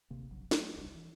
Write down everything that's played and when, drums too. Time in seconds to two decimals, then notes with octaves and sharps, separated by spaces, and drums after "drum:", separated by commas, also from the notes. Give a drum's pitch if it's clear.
0.10 G#1 D2 C3 A#3
0.30 F1 A#1 C#3 F#3
0.51 F#3 A3, drum: snare
0.74 D#1 C2 G3
0.95 E3